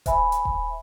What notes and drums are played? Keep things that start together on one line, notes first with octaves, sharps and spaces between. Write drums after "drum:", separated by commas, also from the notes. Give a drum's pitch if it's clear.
C5 E5 G#5 B5, drum: kick D#1, hi-hat
drum: hi-hat
drum: kick D#1